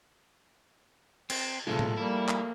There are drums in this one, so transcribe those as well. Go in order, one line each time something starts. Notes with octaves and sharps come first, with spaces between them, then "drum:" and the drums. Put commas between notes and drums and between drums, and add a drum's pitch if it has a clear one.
C4, drum: cymbal
B1 A#2 C#3 F3 G#3 A3 F4 A4
drum: tom A2
G3 A#3 E4
drum: clap